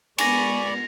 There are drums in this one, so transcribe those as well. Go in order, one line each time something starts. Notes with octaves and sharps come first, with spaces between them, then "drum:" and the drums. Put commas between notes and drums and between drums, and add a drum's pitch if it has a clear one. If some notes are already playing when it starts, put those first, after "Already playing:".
G#3 B3 D5 G#5 B5 C#6 A#6 F7, drum: cymbal